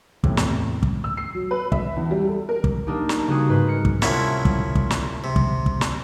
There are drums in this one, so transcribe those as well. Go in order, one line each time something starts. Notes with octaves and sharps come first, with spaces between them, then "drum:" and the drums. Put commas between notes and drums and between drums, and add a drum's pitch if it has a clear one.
E2 A2 C3, drum: kick
drum: snare
drum: kick
E6
C7
F#3
B4
E5, drum: kick
E2
G3
A4
A#4
drum: kick
A#3 C4 D4 D#4 G4
drum: snare
C#3 G3 F#4 G#4
G#2 B4 C5
A#4 C#7
drum: kick
C2 F3 C#4 E4 F#5 A#5, drum: snare
drum: kick
drum: kick
drum: snare
C3
drum: kick
drum: kick
drum: snare